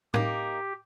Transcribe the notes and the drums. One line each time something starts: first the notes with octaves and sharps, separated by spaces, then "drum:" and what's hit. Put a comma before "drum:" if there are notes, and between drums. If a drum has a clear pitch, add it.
A#3 D#4 G4, drum: tom A2